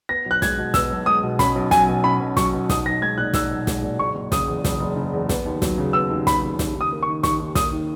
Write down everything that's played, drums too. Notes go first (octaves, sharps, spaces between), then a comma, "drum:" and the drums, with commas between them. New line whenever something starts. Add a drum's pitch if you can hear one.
B3 A#6
B1
F#6
G#3 G#6, drum: snare
B2
B3 E6, drum: snare
B1
G#3 D#6
B2
C#4 B5, drum: snare
B1
F#3 G#5, drum: snare
B2
C#4 B5
B1
F#3 C#6, drum: snare
B2
D#4 D#6, drum: snare
B1 A#6
G#3 G#6
A#2 F#6
D#4 E6, drum: snare
B1
G#3, drum: snare
A#2
F#1 C#6
F#1
C#3 D#6, drum: snare
E2
F#1, drum: snare
F#1
C#3
E2
B3, drum: snare
D#2
F#3, drum: snare
C#3
B3 E6
D#2
F#3 B5, drum: snare
C#3
D#2, drum: snare
D#2
D#6
A#3
C#6
D#3
D#2 C#6, drum: snare
D#2
A#3 D#6, drum: snare
D#3